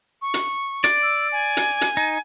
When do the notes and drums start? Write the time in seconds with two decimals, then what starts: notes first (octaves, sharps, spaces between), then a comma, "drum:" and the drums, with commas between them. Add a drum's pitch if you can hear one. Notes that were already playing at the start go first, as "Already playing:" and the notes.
0.22 C#6
0.34 drum: hi-hat
0.84 D5, drum: hi-hat
1.03 E6
1.32 G#5
1.57 drum: hi-hat
1.81 drum: hi-hat
1.97 D#4